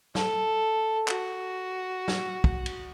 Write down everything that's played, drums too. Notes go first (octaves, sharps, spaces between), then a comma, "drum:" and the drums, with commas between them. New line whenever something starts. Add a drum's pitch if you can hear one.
A4, drum: snare
F#4, drum: clap
drum: snare
drum: kick
drum: cymbal